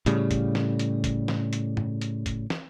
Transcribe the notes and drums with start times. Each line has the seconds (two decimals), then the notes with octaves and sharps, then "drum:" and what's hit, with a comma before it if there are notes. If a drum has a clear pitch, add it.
0.06 A2 C#3 G3, drum: hi-hat
0.31 drum: kick, hi-hat
0.55 drum: snare
0.79 drum: hi-hat
1.04 drum: kick, hi-hat
1.28 drum: snare
1.53 drum: hi-hat
1.77 drum: tom
2.01 drum: hi-hat
2.26 drum: kick, hi-hat
2.50 drum: snare